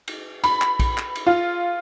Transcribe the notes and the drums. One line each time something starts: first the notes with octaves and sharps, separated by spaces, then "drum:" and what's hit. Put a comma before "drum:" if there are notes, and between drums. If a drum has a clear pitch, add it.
drum: cymbal
B5, drum: cymbal
drum: clap
drum: kick A#1, cymbal
drum: clap
drum: cymbal
F4